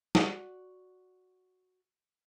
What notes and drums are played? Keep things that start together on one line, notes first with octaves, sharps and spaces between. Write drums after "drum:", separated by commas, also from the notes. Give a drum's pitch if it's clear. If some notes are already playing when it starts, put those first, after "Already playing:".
F#4 D5, drum: snare